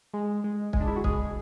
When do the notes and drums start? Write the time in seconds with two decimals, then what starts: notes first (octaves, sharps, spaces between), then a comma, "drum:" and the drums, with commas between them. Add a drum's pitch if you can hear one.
0.14 G#3
0.44 G#3
0.73 G#3, drum: kick
0.81 D4
0.87 E4
0.96 F#4
1.04 G#3 G#4, drum: kick